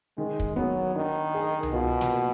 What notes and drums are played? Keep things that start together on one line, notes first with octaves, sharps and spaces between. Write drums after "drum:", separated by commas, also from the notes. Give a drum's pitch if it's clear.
D#3 G#3
drum: kick
F#3 B3
D#3 D4
G#4
drum: tom C2
B2 F4
drum: snare
A#3